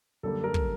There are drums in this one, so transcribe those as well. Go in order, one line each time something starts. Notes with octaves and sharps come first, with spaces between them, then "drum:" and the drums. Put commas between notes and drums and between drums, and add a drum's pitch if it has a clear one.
F#2 D3 G3 A#3 A4
A#4
drum: kick